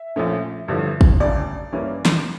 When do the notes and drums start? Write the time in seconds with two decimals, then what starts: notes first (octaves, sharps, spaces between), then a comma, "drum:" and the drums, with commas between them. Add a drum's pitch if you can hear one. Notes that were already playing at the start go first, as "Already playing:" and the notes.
Already playing: E5
0.16 A#1 A#2 F3 A3 C#4
0.68 A1 G2 D3 F3
1.01 drum: kick
1.20 E1 D2 C#3 D5
1.72 G2 E3 A#3 C#4
2.05 drum: snare